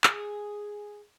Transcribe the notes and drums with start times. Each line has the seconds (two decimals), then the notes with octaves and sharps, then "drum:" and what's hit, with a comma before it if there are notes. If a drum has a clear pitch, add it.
0.04 G#4, drum: clap